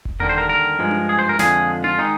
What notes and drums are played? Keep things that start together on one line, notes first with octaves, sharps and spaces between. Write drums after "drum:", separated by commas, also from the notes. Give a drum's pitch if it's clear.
drum: kick F1
D#2 D3 G3 A#4, drum: tom E2
C5
A#4
A#4
G2 F3 G#3
drum: tom D4
G#4
C5
A#4
F2 D3 F3 G#3 G#4, drum: snare
F4, drum: tom D4
D#3 G#3 D#4